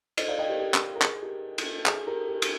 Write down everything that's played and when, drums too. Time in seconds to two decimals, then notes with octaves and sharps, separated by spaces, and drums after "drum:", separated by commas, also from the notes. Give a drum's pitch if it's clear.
0.17 C5 D#5, drum: cymbal
0.28 D5 F5
0.39 D#5 G5
0.49 G4 A#4
0.60 G4
0.74 drum: clap
0.96 A#4
1.02 G#4, drum: clap
1.23 G4 A#4
1.58 drum: cymbal
1.86 G#4, drum: clap
2.07 G4 A#4
2.28 G4
2.42 drum: cymbal